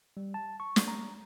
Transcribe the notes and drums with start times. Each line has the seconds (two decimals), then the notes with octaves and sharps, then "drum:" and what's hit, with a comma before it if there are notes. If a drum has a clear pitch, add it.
0.17 G3
0.34 A5
0.60 C#6
0.76 drum: snare
0.88 A#5